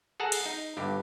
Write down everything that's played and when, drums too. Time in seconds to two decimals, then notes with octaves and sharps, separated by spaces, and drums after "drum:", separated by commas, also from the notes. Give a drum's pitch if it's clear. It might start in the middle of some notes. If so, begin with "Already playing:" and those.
0.20 G#4 A4 F#5 A5 A#5
0.32 drum: cymbal
0.46 D#4
0.77 G1 G2 G4